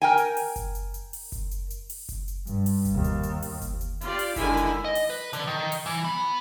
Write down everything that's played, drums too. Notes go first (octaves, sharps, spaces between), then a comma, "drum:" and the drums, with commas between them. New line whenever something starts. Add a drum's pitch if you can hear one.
A#4 G5 G#5
drum: hi-hat
drum: open hi-hat
drum: kick F#1, hi-hat
drum: hi-hat
drum: hi-hat
drum: open hi-hat
drum: kick F#1, hi-hat
drum: hi-hat
drum: hi-hat
drum: open hi-hat
drum: kick F#1, hi-hat
drum: hi-hat
G2, drum: hi-hat
drum: open hi-hat
drum: kick F#1, hi-hat
D#2
drum: hi-hat
drum: hi-hat
drum: open hi-hat
drum: kick F#1, hi-hat
drum: hi-hat
F4 G4 D5, drum: hi-hat
drum: open hi-hat
D3 D#3 G#3 E4 G#5, drum: kick F#1, hi-hat
drum: hi-hat
D#5
drum: open hi-hat
B4
D3, drum: hi-hat
D#3
drum: open hi-hat
E3
B3